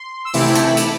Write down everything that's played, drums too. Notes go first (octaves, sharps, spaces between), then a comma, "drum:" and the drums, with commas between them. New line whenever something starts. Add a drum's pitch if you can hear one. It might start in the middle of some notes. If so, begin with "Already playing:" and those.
Already playing: C6
E6
C3 E3 A3 C4 E4 D6, drum: open hi-hat
B5
A5, drum: hi-hat
B5
D6, drum: hi-hat